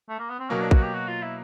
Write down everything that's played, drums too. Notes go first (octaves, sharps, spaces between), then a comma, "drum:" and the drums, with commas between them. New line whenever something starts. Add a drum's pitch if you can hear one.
A3
A#3
B3
C4
B2 F#3 A#3 C#4
D4
F#4, drum: kick
G4
F#4
F4
E4